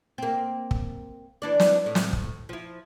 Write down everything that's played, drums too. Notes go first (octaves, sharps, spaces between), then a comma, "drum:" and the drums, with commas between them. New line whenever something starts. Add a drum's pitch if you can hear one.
A#3 C4
drum: kick
E3 D4 D5
drum: snare
A2
drum: snare
drum: kick
F3 E4